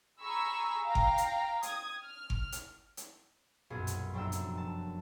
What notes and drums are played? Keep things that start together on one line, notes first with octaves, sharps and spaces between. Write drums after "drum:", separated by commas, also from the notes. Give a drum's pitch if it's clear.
G#4 G#5 A#5 B5 C#6 E6
F5 G5 A#5
drum: kick G1
drum: hi-hat
D#6 G#6, drum: hi-hat
F6
drum: kick G1
drum: hi-hat
drum: hi-hat
B1 F#2 A#2 B3 G#4
drum: hi-hat
F1 F#2 D4 G5 A#5 E6
drum: hi-hat
A5